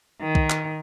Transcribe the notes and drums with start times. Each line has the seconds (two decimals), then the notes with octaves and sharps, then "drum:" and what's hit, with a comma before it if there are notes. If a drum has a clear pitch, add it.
0.21 D#3
0.35 drum: kick B1
0.50 drum: clap